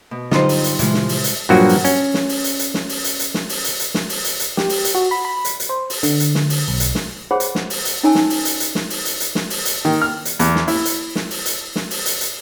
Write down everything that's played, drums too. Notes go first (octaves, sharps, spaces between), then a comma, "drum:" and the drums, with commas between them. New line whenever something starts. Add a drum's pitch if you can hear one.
B2
G2 D3 F#3 D#4 F4 C5 D#5 C6, drum: snare
drum: open hi-hat
drum: hi-hat
A#2 C#3 E3 F3 G#3 E4, drum: hi-hat
drum: snare
drum: open hi-hat
drum: hi-hat
G2 A#2 F3 F#3 A#3 F#4
drum: open hi-hat
C#4, drum: hi-hat
drum: snare
drum: open hi-hat
drum: hi-hat
drum: hi-hat
drum: snare
drum: open hi-hat
drum: hi-hat
drum: hi-hat
drum: snare
drum: open hi-hat
drum: hi-hat
drum: hi-hat
drum: snare
drum: open hi-hat
drum: hi-hat
drum: hi-hat
G4, drum: snare
drum: open hi-hat
drum: hi-hat
F#4
B5
B5
drum: hi-hat
drum: hi-hat
C5
drum: open hi-hat
D3, drum: hi-hat
drum: hi-hat
drum: snare
drum: open hi-hat
B1
drum: hi-hat
drum: snare
G#4 C5 C#5 F#5 B5
drum: hi-hat
drum: snare
drum: open hi-hat
drum: hi-hat
C#4 D#4 C#5 G#5 A5 E6
drum: snare
drum: open hi-hat
drum: hi-hat
drum: hi-hat
drum: snare
drum: open hi-hat
drum: hi-hat
drum: hi-hat
drum: snare
drum: open hi-hat
drum: hi-hat
D#3
F6
drum: hi-hat
E2, drum: hi-hat
drum: snare
E4, drum: open hi-hat
drum: hi-hat
drum: snare
drum: open hi-hat
drum: hi-hat
drum: snare
drum: open hi-hat
drum: hi-hat
drum: hi-hat